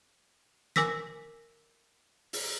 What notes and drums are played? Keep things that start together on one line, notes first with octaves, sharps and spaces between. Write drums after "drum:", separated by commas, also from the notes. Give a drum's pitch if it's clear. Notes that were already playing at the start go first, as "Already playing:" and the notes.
A#4 G#5 D6 E6 A#6 B6, drum: snare
drum: open hi-hat